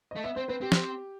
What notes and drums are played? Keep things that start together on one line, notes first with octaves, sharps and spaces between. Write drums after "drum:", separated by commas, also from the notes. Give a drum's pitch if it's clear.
D#5
A3
B3 E5
C4 C5
C4 B4
C4 G4
drum: snare